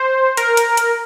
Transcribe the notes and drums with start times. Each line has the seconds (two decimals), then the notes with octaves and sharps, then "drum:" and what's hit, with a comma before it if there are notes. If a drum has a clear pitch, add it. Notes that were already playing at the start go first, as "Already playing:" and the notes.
Already playing: C5
0.37 A#4, drum: hi-hat
0.57 drum: hi-hat
0.77 drum: hi-hat